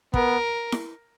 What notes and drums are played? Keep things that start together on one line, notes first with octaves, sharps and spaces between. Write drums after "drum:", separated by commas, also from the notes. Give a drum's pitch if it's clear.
B3 A#4, drum: kick
drum: snare E4